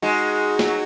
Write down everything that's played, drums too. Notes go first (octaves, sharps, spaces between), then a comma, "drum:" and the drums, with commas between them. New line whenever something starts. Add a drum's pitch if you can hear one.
G#3 D#4 F#4
F#3, drum: snare